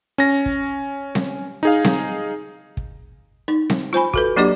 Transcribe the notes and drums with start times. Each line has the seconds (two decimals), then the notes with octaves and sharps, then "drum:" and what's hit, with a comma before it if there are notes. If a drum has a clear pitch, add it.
0.18 C#4 A#6
0.46 drum: kick
1.15 drum: snare C4
1.63 D#4 G#4 F5
1.84 drum: snare C4
2.77 drum: kick
3.48 D#4
3.70 drum: snare C4
3.93 F4 C5 G#5 B5
4.14 F#4 A4 B4, drum: kick
4.36 F#3 A#3 D4 G4 D#5 D6